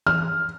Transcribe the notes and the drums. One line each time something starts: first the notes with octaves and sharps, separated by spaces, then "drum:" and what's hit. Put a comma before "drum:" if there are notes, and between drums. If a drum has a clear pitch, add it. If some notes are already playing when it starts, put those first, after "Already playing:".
F6, drum: tom E3